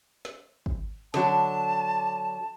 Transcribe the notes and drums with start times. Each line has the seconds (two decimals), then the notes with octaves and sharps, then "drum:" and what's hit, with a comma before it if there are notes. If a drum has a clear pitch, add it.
0.25 drum: snare
0.66 drum: kick
1.14 D3 F#3 D4 A5, drum: snare